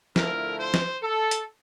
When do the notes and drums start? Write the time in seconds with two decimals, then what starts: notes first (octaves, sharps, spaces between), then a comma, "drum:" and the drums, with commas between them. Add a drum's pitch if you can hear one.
0.16 D3 F3 A3 E4 A#4, drum: snare
0.59 C5
0.74 drum: snare
1.02 A4
1.31 drum: hi-hat